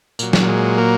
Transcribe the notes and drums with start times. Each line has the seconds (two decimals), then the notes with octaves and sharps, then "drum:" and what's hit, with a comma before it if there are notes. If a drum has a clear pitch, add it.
0.19 A#2 F#3, drum: tambourine
0.33 drum: snare
0.48 G#3
0.78 A#3